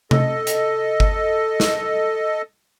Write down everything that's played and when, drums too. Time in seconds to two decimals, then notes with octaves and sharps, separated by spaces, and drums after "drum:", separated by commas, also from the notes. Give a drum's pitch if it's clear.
0.11 A4 D#5, drum: tom C3
0.47 drum: hi-hat
1.00 drum: kick G1
1.60 drum: snare